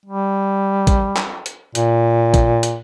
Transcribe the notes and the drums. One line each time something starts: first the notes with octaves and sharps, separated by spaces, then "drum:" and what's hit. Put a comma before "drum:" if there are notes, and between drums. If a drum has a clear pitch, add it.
G3
drum: kick, hi-hat
drum: clap
drum: hi-hat
A#2, drum: hi-hat
drum: kick, hi-hat
drum: hi-hat